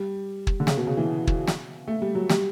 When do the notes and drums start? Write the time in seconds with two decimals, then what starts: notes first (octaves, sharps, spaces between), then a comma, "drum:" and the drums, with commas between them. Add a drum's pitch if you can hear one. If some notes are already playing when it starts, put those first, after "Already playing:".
Already playing: G3
0.47 drum: kick
0.60 D3
0.67 C#3, drum: snare
0.77 B2
0.87 C#3
0.97 E3
1.27 drum: kick
1.48 drum: snare
1.88 A3
2.02 G3
2.15 F#3
2.30 G3, drum: snare